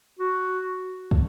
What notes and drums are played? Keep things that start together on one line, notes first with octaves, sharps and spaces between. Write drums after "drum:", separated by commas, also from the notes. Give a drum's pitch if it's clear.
F#4
drum: kick